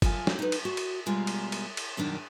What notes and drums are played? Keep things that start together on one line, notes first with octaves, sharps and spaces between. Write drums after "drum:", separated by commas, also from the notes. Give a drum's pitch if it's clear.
F#2 F4 A4 G#5, drum: kick G1, cymbal
drum: snare
D#4 B4
drum: cymbal
F#4
drum: cymbal
B2 G3 G#3 F4 D5 A#5
drum: cymbal
drum: cymbal
drum: cymbal
F#2 B2 D#3 D4